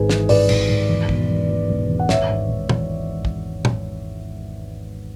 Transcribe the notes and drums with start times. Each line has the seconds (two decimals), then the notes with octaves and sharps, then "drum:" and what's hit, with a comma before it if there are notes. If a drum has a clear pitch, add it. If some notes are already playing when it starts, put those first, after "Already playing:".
Already playing: G#1 G#2 G#4 B4
0.10 E3, drum: snare
0.29 G#1 B4 D5, drum: open hi-hat
0.49 G#1, drum: cymbal
0.69 G#1
0.89 E2
1.09 B2, drum: kick
1.29 E1
1.49 E2
1.70 E1
1.89 E2
1.99 F#5
2.09 G#1 C#5 E5, drum: snare
2.29 G#2
2.49 G#1
2.69 E3, drum: tom
3.25 drum: kick
3.65 drum: tom